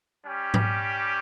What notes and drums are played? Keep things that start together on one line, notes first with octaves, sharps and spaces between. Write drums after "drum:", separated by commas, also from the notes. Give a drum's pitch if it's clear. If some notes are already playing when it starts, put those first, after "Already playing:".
G3 C#4 G4
drum: tom G#2